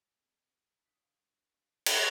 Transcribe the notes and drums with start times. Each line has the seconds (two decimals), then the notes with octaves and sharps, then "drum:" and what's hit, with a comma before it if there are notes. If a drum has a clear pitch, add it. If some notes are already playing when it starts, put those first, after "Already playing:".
0.13 F2 G#4
0.84 G2 F#4 F5 D#6 F#6 B6
1.86 drum: cymbal